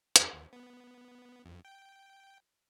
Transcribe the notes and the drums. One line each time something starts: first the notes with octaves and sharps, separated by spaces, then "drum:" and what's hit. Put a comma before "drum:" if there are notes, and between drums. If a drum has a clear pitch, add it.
E2, drum: hi-hat
D#2
B3
F2
G5